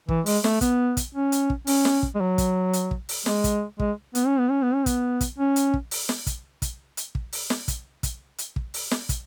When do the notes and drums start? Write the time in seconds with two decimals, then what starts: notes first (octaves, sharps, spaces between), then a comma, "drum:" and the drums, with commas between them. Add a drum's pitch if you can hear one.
0.09 E3, drum: kick
0.26 G#3, drum: open hi-hat
0.44 A3, drum: snare
0.61 B3, drum: kick, hi-hat
0.97 drum: kick, hi-hat
1.15 C#4
1.32 drum: hi-hat
1.50 drum: kick
1.67 C#4, drum: open hi-hat
1.85 drum: snare
2.03 drum: kick
2.15 G#3
2.20 F#3
2.38 drum: kick, hi-hat
2.73 drum: hi-hat
2.91 drum: kick
3.09 drum: open hi-hat
3.26 G#3, drum: snare
3.44 drum: kick, hi-hat
3.80 G#3, drum: kick
4.15 B3, drum: hi-hat
4.26 C#4
4.39 B3
4.50 C#4
4.63 B3
4.74 C#4
4.86 B3, drum: kick, hi-hat
5.21 drum: kick, hi-hat
5.38 C#4
5.56 drum: hi-hat
5.74 drum: kick
5.91 drum: open hi-hat
6.09 drum: snare
6.27 drum: kick, hi-hat
6.62 drum: kick, hi-hat
6.97 drum: hi-hat
7.15 drum: kick
7.33 drum: open hi-hat
7.50 drum: snare
7.68 drum: kick, hi-hat
8.03 drum: kick, hi-hat
8.38 drum: hi-hat
8.56 drum: kick
8.74 drum: open hi-hat
8.91 drum: snare
9.09 drum: kick, hi-hat